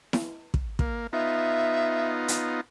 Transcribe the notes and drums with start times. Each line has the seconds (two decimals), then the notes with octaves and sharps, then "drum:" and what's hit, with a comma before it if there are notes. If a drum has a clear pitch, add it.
0.13 drum: snare E4
0.54 drum: kick
0.79 A#3, drum: kick
1.13 B3 D#4 F4 E5
2.28 drum: hi-hat